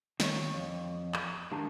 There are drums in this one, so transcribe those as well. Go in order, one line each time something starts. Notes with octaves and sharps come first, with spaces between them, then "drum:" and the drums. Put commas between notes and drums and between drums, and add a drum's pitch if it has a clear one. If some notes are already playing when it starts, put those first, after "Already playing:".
D#3 C#5, drum: snare
F2
drum: clap
G#2 D#3 D4 G4 A5 A#5